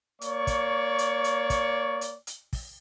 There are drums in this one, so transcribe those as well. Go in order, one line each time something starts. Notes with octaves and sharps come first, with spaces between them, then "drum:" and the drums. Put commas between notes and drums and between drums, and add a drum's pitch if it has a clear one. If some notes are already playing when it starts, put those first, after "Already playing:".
A#3 C#5 D5 C#6, drum: hi-hat
drum: kick, hi-hat
drum: hi-hat
drum: hi-hat
drum: kick, hi-hat
drum: hi-hat
drum: hi-hat
drum: kick, open hi-hat